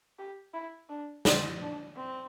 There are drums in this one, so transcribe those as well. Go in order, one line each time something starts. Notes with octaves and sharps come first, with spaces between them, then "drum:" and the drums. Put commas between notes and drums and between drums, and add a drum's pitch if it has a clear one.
G4
E4
D4
C4, drum: snare
D4
C4